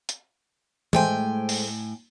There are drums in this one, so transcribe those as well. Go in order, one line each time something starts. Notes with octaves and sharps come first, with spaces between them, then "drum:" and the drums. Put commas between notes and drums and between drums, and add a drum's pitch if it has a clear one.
drum: hi-hat
A2 G#3 A3 C5 G5 G#5, drum: tom E3
drum: open hi-hat